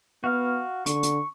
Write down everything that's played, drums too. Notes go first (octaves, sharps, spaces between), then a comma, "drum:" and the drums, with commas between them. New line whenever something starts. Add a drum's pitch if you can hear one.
B3 F#4 F5 F6
D3 C#6, drum: hi-hat
drum: hi-hat